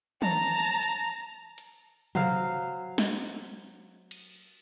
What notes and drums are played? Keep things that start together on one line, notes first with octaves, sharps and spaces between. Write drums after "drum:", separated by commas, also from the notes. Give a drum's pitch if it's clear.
A5 A#5, drum: tom
drum: hi-hat
drum: hi-hat
F#3 C5 F5, drum: tom
drum: snare
drum: cymbal